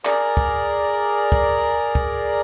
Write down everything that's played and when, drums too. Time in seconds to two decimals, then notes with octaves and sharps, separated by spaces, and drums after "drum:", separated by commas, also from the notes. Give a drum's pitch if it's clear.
0.05 G#4 A#4 D5 A#5, drum: clap
0.37 drum: kick
1.32 drum: kick
1.95 drum: kick